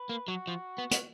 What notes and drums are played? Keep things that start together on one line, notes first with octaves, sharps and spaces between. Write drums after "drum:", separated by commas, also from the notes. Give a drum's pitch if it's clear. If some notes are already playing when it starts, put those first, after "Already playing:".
Already playing: B4
A#3
F#3 F#4
F3
B3
B3, drum: hi-hat